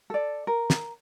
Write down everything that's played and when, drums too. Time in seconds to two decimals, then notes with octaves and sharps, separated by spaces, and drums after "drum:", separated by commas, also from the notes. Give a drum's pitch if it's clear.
0.10 A4 D5
0.47 A#4
0.70 drum: snare